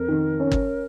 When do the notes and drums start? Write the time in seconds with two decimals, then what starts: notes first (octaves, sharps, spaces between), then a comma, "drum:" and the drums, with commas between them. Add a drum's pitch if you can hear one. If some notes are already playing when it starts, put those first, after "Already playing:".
Already playing: F2 A#4
0.08 D#3
0.40 C#4
0.52 drum: kick